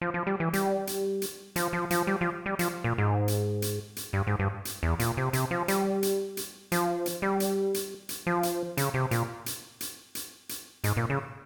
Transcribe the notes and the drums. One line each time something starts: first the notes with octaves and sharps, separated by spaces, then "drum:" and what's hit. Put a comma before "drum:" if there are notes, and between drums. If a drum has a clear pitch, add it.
F3
F3
G3
E3
G3, drum: hi-hat
drum: hi-hat
drum: hi-hat
F3, drum: hi-hat
F3
F3, drum: hi-hat
G3
F3
G3
F3, drum: hi-hat
A#2
G#2
drum: hi-hat
drum: hi-hat
drum: hi-hat
G2
G#2
G2
drum: hi-hat
E2
A#2, drum: hi-hat
C3
C3, drum: hi-hat
F3
G3, drum: hi-hat
drum: hi-hat
drum: hi-hat
F3, drum: hi-hat
drum: hi-hat
G3
drum: hi-hat
drum: hi-hat
drum: hi-hat
F3
drum: hi-hat
C#3, drum: hi-hat
C3
A#2, drum: hi-hat
drum: hi-hat
drum: hi-hat
drum: hi-hat
drum: hi-hat
G#2, drum: hi-hat
A#2
C#3